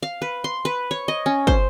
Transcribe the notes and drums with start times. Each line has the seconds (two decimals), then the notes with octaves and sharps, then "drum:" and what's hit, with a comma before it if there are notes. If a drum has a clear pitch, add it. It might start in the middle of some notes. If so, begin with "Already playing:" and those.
0.03 F5
0.22 B4
0.44 C6
0.65 B4
0.91 C#5
1.08 D#5
1.26 C#4
1.47 C5, drum: kick